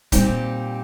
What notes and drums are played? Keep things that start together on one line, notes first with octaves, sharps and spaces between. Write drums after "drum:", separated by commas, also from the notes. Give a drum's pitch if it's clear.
A#2 G3 C4 D#4 G4, drum: kick, hi-hat